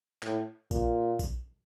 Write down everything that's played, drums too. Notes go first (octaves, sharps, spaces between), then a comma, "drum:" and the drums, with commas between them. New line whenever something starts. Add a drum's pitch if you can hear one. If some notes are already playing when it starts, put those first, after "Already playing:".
A2, drum: clap
A#2, drum: kick A#1, tambourine
drum: kick A#1, tambourine